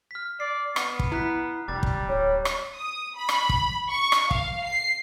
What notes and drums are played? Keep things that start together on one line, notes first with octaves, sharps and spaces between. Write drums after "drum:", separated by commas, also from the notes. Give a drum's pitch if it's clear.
F6 B6
D5 C7
B3, drum: rim click
drum: kick
E4 A#5 F#6 B6
F1 G3 D6 A6
drum: kick
D1 C#5
drum: rim click
D#6
B5
drum: rim click
drum: kick
C#6
drum: rim click
F5, drum: kick
C7